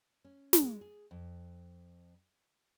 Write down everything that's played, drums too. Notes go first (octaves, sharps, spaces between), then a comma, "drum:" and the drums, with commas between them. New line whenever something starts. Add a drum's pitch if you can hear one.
C#4
drum: snare
G#3
G#4
F2